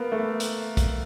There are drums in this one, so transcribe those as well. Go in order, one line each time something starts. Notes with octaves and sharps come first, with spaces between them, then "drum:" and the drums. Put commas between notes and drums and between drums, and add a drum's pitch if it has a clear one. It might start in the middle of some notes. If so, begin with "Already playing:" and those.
Already playing: A#3 B3
A3
drum: hi-hat
drum: kick, hi-hat